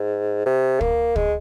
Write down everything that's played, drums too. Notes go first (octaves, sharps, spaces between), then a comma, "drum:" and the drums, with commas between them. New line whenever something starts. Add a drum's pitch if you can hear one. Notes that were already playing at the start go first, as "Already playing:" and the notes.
Already playing: G#2
C3
A#3, drum: kick
G#3, drum: kick